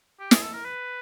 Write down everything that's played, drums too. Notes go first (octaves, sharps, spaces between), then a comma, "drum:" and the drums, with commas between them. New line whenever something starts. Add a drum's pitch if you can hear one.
G4
G#4, drum: snare
A4
A#4
B4